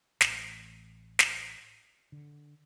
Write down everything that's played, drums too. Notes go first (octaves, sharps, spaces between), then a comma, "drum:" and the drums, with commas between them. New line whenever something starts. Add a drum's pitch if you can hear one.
A1, drum: snare
drum: snare
D3